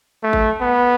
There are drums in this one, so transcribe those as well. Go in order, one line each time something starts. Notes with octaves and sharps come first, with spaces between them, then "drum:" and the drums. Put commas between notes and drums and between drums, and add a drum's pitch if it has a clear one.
A3
drum: kick G#1
B3